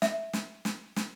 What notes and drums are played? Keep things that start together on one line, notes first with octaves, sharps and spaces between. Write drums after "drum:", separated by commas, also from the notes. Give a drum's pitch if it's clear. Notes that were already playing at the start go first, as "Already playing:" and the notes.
E5, drum: snare
drum: snare
drum: snare
drum: snare